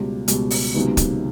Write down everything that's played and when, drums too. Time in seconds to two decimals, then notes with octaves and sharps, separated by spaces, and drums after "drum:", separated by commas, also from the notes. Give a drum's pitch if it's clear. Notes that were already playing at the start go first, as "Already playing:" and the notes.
Already playing: C#2 B2 G3
0.28 C#2 B2 G3, drum: hi-hat
0.50 drum: open hi-hat
0.74 C#2 C3 D#3 F#3 B3
0.97 drum: kick, hi-hat